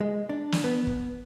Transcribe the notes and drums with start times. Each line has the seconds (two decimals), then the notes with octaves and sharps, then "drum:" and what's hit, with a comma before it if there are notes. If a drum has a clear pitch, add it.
0.01 G#3
0.29 D4
0.52 drum: snare
0.64 B3
0.87 drum: kick